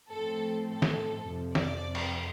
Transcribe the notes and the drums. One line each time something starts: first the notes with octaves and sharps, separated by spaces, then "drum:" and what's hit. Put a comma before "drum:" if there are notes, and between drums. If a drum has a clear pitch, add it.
A2 F3 C4 A4
A4
drum: snare
F2 C3 F3
D5, drum: snare
drum: cymbal